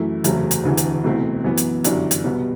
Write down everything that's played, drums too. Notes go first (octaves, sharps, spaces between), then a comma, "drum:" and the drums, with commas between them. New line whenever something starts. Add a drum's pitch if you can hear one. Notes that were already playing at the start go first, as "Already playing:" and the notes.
Already playing: F#2 E3 A3 E4
F#1 E2 C3 F#3 A3, drum: hi-hat
drum: hi-hat
E1 D2 C3 E3
drum: hi-hat
C2 B2 A3 C4 E4
F#2 E3 B3
drum: hi-hat
G1 F#2 E3 G3 D4, drum: hi-hat
drum: hi-hat
C2 B2 G3 B3